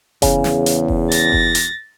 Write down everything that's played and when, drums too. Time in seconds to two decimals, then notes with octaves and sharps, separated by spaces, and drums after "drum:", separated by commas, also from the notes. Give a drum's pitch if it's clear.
0.22 E2 C#3, drum: kick F#1, hi-hat
0.44 drum: snare
0.66 drum: hi-hat
0.88 drum: kick F#1
1.12 A6 A#6, drum: hi-hat
1.33 drum: kick F#1
1.55 drum: hi-hat